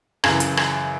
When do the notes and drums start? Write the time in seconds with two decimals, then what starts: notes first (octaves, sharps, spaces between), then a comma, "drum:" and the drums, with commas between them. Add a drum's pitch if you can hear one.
0.24 F#2 C#3 E3, drum: rim click
0.40 drum: hi-hat
0.57 drum: rim click